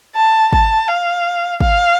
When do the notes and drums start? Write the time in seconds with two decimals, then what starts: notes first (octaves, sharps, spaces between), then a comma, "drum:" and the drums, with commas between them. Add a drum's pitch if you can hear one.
0.15 A5
0.53 A5, drum: kick
0.88 F5
1.61 F5, drum: kick